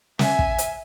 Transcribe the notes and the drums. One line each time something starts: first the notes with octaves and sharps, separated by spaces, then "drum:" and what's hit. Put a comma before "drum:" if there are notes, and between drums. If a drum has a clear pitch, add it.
E5 G#5, drum: snare
drum: kick
drum: hi-hat